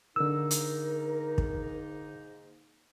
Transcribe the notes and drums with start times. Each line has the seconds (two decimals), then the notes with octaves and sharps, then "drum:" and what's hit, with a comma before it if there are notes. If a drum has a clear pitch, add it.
0.16 G#2 D3 A#3 D#4 A#4 E6
0.51 drum: hi-hat
1.38 drum: kick